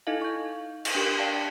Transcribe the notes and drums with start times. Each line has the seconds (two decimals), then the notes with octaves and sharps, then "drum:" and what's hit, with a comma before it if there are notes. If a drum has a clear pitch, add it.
0.07 D#4 E4 A4 D#5 F5
0.22 C#6 G6
0.85 drum: cymbal
0.95 D4 G4 A#4
1.18 D5 F5 G5 A5 A#6